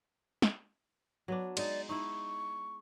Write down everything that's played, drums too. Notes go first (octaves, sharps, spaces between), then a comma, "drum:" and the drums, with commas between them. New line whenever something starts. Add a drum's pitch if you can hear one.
drum: snare
F#3 B3 D4
G#3 D#4 D5, drum: cymbal
D#4 E4 C#6